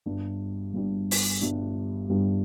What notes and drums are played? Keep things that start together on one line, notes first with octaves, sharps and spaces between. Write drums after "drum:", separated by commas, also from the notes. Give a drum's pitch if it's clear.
G1 G2 G3 D4
G1 G2 G3 D4
drum: open hi-hat
G1 G2 G3 D4
G1 G2 G3 D4